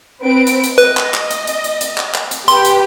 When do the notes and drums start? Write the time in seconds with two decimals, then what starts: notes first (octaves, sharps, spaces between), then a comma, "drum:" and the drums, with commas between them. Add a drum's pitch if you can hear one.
0.24 C4 B4 D7
0.47 drum: hi-hat
0.64 drum: hi-hat
0.78 B4 D#5
0.97 drum: clap
1.14 drum: clap
1.31 drum: hi-hat
1.47 drum: hi-hat
1.64 drum: hi-hat
1.81 drum: hi-hat
1.98 drum: clap
2.14 drum: clap
2.31 drum: hi-hat
2.48 G4 B4 G5 C6, drum: hi-hat
2.65 drum: hi-hat